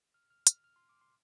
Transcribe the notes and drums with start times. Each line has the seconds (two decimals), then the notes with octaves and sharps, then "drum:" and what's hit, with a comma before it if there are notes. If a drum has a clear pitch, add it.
0.14 F6
0.30 F6
0.47 F6, drum: hi-hat
0.64 F6
0.76 C6
0.89 D6
1.01 C6